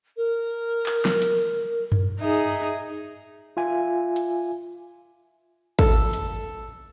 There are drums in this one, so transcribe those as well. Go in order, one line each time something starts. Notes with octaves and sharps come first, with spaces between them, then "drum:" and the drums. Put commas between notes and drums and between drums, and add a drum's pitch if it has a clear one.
A#4
drum: clap
drum: snare
drum: hi-hat
drum: tom F#2
D#4 G#4 E5
F4 E5 G#5
drum: hi-hat
A4, drum: kick
drum: hi-hat